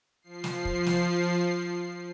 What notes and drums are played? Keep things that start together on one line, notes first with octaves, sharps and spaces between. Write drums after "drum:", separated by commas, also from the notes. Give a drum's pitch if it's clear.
F3 C7
drum: snare
drum: kick
drum: snare